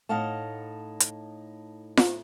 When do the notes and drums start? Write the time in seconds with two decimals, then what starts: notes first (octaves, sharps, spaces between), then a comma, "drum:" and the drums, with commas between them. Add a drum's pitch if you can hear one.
0.09 A2 D#4 D#5 F5 F#5 A5
1.00 drum: hi-hat
1.97 drum: snare F4